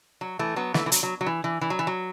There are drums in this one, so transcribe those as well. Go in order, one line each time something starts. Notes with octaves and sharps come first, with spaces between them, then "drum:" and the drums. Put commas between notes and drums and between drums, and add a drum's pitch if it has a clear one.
F#3
E3 A3
F#3 B3
E3 A3, drum: snare
E3
F#3, drum: hi-hat
F#3
F#3
E3
E3
E3
F#3
E3
F#3